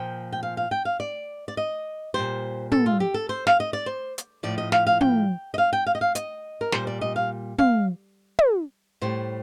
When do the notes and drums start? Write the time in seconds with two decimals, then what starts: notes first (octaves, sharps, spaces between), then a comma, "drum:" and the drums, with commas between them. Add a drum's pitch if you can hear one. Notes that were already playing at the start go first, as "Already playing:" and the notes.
Already playing: A#2 F3 G5
0.32 G5
0.43 F5
0.57 F5
0.71 G5
0.85 F5
1.00 D5
1.48 D5
1.57 D#5
2.14 A#2 G3 C5
2.72 A4, drum: tom
2.86 F4
3.00 G4
3.14 A4
3.29 C5
3.47 F5, drum: snare
3.60 D#5
3.73 D5
3.86 C5
4.18 drum: hi-hat
4.43 A2 F3 D5
4.58 D#5
4.72 F5, drum: snare
4.87 F5
5.01 G5, drum: tom
5.54 D#5
5.58 F5
5.73 G5
5.86 F5
5.95 D#5
6.01 F5
6.15 D#5, drum: hi-hat
6.61 A#4
6.72 A#2 G3 C5, drum: snare
6.87 D5
7.01 D#5
7.16 F5
7.58 F5, drum: tom
8.39 drum: tom
9.02 A2 G3 C5